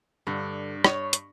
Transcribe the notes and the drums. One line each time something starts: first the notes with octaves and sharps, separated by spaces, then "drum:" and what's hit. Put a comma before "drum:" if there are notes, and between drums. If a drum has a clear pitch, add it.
G2 D3
C#5, drum: rim click
drum: hi-hat